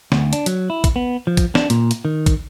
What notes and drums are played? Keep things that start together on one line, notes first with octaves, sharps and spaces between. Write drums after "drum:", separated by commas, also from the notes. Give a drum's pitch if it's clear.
D2, drum: snare
D4, drum: hi-hat
F#3, drum: hi-hat
E4
drum: kick, hi-hat
B3
F3
drum: kick, hi-hat
D4, drum: snare
A#2, drum: hi-hat
drum: hi-hat
D#3
drum: kick, hi-hat